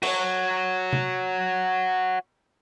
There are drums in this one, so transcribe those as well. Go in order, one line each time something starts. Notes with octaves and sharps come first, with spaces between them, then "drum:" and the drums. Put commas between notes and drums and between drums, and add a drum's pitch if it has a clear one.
F#4 C#5, drum: cymbal
drum: tom C3